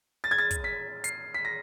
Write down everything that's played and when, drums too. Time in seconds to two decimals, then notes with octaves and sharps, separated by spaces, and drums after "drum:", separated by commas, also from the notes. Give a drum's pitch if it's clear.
0.24 A6
0.31 G#6
0.38 A6
0.51 drum: kick, hi-hat
0.64 B6
1.04 C7, drum: hi-hat
1.34 B6
1.45 A#6